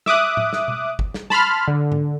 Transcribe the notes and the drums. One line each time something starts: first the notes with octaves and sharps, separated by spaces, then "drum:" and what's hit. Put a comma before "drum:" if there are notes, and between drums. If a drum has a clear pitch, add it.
E5 D6 D#6 F#6, drum: snare
drum: tom A2
drum: snare
drum: tom B2
drum: kick G1
drum: snare
A5 B5 C6 F6, drum: snare
D3
drum: tom G#2